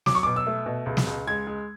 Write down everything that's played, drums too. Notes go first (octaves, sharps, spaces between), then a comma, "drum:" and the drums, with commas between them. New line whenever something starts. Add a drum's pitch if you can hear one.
F#3 D6, drum: snare
C#6
B2 D6
E6
A3
B2
C#2
drum: snare
C#2
G#3 G#6
G#3